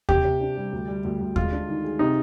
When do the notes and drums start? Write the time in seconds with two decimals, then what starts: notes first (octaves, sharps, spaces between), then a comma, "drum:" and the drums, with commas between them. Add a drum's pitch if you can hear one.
0.09 C3 G4, drum: kick D#2
0.24 C3
0.41 D4
0.57 G3
0.72 D2
0.88 G3
1.04 D2
1.20 D2
1.36 G#3 F4, drum: kick D#2
1.52 D4
1.69 D#3
1.84 G#4
1.99 C3 D#4